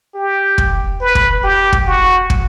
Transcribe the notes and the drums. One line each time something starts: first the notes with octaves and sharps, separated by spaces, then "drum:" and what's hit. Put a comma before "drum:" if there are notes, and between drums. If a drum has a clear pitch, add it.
G4
drum: kick
B4
drum: kick
G4
drum: kick
F#4
drum: kick